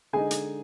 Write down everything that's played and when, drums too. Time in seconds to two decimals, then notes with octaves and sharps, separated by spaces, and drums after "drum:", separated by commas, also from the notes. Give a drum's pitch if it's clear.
0.13 D3 G#3 D#4 G#4 G#5
0.31 drum: hi-hat